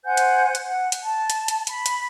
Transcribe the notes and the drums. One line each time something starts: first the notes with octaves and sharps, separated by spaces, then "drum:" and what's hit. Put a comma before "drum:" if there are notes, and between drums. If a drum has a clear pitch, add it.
C5 F#5 G#5 G6
drum: hi-hat
drum: hi-hat
F#5
drum: hi-hat
A5
drum: hi-hat
drum: hi-hat
B5, drum: hi-hat
drum: hi-hat